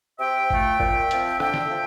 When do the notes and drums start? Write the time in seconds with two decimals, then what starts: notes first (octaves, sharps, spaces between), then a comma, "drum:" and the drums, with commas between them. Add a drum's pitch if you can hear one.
0.19 C3 E5 G5
0.50 F3 A3, drum: kick G1
0.80 A#2, drum: kick G1
1.11 F3 C4, drum: hi-hat
1.40 D3 E5 G5, drum: rim click
1.54 drum: snare
1.71 F3